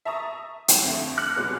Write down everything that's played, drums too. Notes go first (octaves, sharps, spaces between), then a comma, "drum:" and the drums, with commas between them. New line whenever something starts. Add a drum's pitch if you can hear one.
E5 A5 A#5 C#6 D#6
D#6
drum: hi-hat
F2 D3 A3
D6 F6 F#6 C#7
C2 B2 F#3 G#3